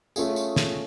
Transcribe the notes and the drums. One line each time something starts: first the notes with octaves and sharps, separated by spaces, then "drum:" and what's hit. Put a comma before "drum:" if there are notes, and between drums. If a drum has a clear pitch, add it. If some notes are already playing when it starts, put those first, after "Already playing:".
A3 C#4 F4 G#4, drum: tambourine
drum: tambourine
drum: snare